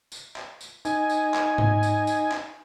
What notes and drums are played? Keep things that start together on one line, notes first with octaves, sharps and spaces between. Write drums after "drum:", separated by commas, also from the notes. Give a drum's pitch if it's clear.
drum: tambourine
drum: clap
drum: tambourine
D#4 G#5, drum: tambourine
drum: tambourine
drum: clap
drum: tom G#2
drum: tambourine
drum: tambourine
drum: clap